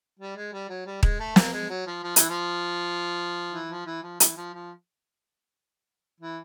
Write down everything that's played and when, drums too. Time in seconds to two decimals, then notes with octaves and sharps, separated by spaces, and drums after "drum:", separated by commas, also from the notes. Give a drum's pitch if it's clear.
0.19 G3
0.36 G#3
0.53 G3
0.69 F#3
0.86 G3
1.03 G#3, drum: kick D#1
1.20 A3
1.36 A#3, drum: snare
1.53 G#3
1.69 F#3
1.87 F3
2.03 F3
2.16 E3, drum: hi-hat
2.29 F3
3.53 E3
3.70 F3
3.86 E3
4.03 F3
4.20 E3, drum: hi-hat
4.37 F3
4.53 F3
6.20 E3